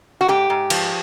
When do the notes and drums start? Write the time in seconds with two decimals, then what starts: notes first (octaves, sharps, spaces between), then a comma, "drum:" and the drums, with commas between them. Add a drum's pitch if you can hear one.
0.21 F#4
0.28 G#2 G4
0.50 G#2
0.70 F3, drum: cymbal